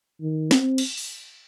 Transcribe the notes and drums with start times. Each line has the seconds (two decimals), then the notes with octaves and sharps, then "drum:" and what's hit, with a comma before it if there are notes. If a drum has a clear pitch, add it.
0.21 D#3
0.51 C4, drum: snare
0.78 drum: cymbal
0.98 drum: open hi-hat